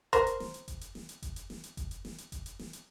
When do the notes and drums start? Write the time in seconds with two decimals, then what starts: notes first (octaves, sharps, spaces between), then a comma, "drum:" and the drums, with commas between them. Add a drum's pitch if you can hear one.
0.13 A#4 C5, drum: kick F#1, hi-hat
0.27 drum: hi-hat
0.40 drum: snare
0.54 drum: hi-hat
0.68 drum: kick F#1, hi-hat
0.81 drum: hi-hat
0.95 drum: snare
1.09 drum: hi-hat
1.22 drum: kick F#1, hi-hat
1.36 drum: hi-hat
1.50 drum: snare
1.64 drum: hi-hat
1.77 drum: kick F#1, hi-hat
1.91 drum: hi-hat
2.05 drum: snare
2.18 drum: hi-hat
2.32 drum: kick F#1, hi-hat
2.46 drum: hi-hat
2.59 drum: snare
2.73 drum: hi-hat